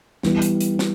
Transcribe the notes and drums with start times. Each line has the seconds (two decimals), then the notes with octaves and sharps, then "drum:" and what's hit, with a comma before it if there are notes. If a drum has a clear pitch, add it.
0.23 E3 G3 B3, drum: snare
0.42 drum: hi-hat
0.60 drum: hi-hat
0.79 drum: snare